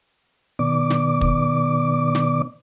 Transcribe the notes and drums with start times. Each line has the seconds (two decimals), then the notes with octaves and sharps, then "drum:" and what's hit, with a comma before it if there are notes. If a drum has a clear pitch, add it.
0.59 B2 D#3 B3 D5 D6
0.90 drum: snare
1.21 drum: kick
2.15 drum: snare